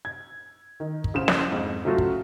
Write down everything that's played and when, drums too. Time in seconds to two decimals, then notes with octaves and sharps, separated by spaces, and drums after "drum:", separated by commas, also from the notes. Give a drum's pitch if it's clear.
0.05 G#6
0.80 D#3
1.04 drum: kick
1.14 A1 C#3 C5 E7
1.28 drum: snare
1.51 F2 G#2
1.85 C#3 F#3 A3 F4 F#4
1.98 drum: kick